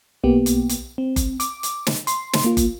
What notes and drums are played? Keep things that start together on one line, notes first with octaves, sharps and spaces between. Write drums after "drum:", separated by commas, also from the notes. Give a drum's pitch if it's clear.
B1 A#3 B3 G4
drum: hi-hat
drum: hi-hat
C4
drum: kick F#1, hi-hat
D6, drum: hi-hat
drum: hi-hat
drum: snare
C6, drum: hi-hat
drum: snare
A#3 F4
drum: kick F#1, hi-hat